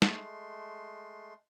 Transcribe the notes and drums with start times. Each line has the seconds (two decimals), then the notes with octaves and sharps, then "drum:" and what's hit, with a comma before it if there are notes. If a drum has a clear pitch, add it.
0.02 G#3 A3 C6, drum: snare